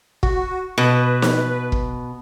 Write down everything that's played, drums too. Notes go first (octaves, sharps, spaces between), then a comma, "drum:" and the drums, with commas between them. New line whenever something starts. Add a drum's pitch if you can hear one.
F#4, drum: kick
B2 B4
drum: snare
drum: kick